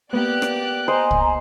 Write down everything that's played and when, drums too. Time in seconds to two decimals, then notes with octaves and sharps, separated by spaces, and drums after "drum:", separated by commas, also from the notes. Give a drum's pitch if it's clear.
0.13 A#3 B3 G4 D5 F#6
0.42 drum: rim click
0.88 C5 D#5 G#5 A#5
1.11 drum: kick